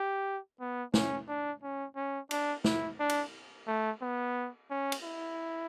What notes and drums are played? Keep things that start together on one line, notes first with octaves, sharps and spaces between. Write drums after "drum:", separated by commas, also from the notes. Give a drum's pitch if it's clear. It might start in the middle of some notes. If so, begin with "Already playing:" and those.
Already playing: G4
B3
C#4, drum: snare
D4
C#4
C#4
D4, drum: cymbal
E4, drum: snare
D4
drum: cymbal
A3
B3
C#4
drum: cymbal
E4